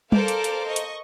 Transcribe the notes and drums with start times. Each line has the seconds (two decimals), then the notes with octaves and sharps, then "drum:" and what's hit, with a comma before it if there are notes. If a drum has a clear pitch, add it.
0.12 A4 A#4 C5 D5 F5 D6, drum: tom G3
0.28 drum: hi-hat
0.44 drum: hi-hat
0.67 D#5 C#6
0.76 drum: hi-hat